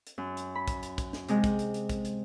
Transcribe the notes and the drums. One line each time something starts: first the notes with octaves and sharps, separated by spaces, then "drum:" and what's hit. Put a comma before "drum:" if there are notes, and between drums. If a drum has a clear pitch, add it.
drum: hi-hat
F#2
drum: hi-hat
B5
drum: kick, hi-hat
drum: hi-hat
drum: kick, hi-hat
drum: snare
C3 G#3, drum: hi-hat
drum: kick, hi-hat
drum: hi-hat
drum: hi-hat
drum: kick, hi-hat
drum: hi-hat